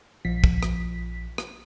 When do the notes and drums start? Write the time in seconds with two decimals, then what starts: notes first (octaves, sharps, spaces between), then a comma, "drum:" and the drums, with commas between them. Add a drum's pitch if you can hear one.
0.25 A#1 F3 B6
0.44 drum: kick
0.63 drum: rim click
1.38 drum: rim click